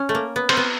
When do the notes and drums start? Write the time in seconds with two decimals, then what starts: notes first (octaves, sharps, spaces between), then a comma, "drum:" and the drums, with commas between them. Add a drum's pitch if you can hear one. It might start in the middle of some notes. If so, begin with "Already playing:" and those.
Already playing: C#4
0.09 A3
0.15 A#3
0.36 B3
0.49 C4, drum: cymbal
0.57 B3